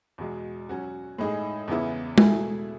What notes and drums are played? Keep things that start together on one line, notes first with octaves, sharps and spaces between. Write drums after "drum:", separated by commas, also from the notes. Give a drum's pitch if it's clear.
E2 B2 G#3
F#3 C#4 F#4
A2 G#3 D#4 G#4
E2 C#3 E3 B3 E4
B2 A3 E4 G#4, drum: tom G#3